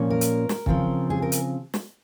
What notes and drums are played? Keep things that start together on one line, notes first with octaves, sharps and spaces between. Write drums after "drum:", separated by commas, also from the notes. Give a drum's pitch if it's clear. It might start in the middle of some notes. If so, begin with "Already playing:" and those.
Already playing: A#2 F3 A#3 C#4
A#4
drum: hi-hat
drum: snare
C#3 F3 C4, drum: kick C#1
G#4
A#4
drum: hi-hat
drum: snare